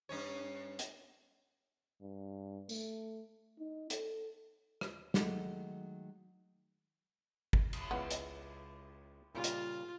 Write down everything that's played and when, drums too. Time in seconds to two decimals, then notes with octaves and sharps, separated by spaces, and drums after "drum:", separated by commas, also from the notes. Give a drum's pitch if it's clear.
0.09 G2 C#4 C#5
0.79 drum: hi-hat
2.01 G2
2.69 A3, drum: tambourine
3.58 D#4
3.90 A4, drum: hi-hat
4.81 drum: rim click
5.14 D#3 F#3 G#3 A3, drum: snare
7.53 drum: kick
7.73 drum: cymbal
7.91 C#2 B3 E4 F5
8.11 drum: hi-hat
9.35 A#2 C#3 G3 F4
9.44 drum: hi-hat